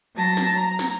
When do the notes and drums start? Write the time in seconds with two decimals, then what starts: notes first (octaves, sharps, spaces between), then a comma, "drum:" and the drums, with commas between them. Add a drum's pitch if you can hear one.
0.16 F#3 A5 A#6
0.37 drum: snare
0.59 A#5
0.79 drum: snare